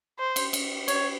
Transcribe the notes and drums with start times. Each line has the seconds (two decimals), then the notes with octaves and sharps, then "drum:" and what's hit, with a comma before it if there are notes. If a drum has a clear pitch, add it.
0.19 C5
0.36 drum: cymbal
0.53 drum: cymbal
0.88 C#5, drum: cymbal